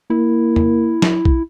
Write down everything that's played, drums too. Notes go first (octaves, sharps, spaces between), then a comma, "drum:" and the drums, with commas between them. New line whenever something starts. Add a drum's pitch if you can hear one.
A#3 E4
drum: tom E2
drum: snare
drum: kick B1